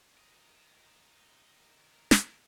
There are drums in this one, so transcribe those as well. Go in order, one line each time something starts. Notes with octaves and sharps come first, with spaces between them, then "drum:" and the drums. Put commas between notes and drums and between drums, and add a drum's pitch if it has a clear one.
A#4 D#5
drum: snare